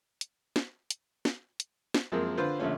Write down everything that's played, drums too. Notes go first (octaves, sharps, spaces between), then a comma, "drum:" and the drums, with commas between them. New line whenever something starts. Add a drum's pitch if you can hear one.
drum: hi-hat
drum: snare
drum: hi-hat
drum: snare
drum: hi-hat
drum: snare
F#2 F3 G#3 A#3 C4
D3 F4 B4 C5
A#1 D3 F3 A3 C#4